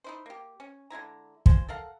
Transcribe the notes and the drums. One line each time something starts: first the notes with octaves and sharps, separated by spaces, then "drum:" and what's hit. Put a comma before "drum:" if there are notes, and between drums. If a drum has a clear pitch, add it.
D#4 E4 C5
A#3 G4
C#4
D3 G#3 E4 A#5
F3 G#3 C5, drum: kick
A4 A#4 F5 F#5